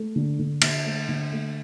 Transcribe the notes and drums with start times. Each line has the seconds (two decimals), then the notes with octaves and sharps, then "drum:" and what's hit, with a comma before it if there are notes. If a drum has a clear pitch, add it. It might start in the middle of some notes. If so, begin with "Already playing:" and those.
Already playing: A3
0.16 D3
0.39 D3
0.62 D3, drum: cymbal
0.85 A3
1.09 D3
1.32 A3